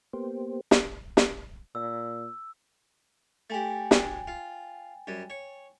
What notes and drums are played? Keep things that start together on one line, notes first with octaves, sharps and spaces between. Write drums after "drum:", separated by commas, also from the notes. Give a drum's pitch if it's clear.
A#3 B3 G4 C5
drum: snare
drum: snare
A#2 E6
A3 G4 G5 G#5 A6
F#3 D4, drum: snare
F4
F#2 G3
C#5